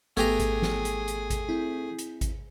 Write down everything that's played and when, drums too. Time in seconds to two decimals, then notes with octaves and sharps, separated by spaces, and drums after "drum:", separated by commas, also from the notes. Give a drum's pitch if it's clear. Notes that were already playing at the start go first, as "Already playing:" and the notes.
0.17 G#1 A3 B3 G4 G#4 A#5 G#6, drum: hi-hat
0.40 drum: kick G#1, hi-hat
0.62 drum: snare
0.85 drum: hi-hat
1.08 drum: hi-hat
1.30 drum: kick G#1, hi-hat
1.49 C4 E4
1.99 drum: hi-hat
2.21 drum: kick G#1, hi-hat